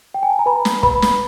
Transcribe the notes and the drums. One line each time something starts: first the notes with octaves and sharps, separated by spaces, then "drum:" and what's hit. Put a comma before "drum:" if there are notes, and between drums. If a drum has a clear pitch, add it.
G5
G#5
A5
A#5
B4 B5
drum: snare
B4 B5, drum: kick
drum: snare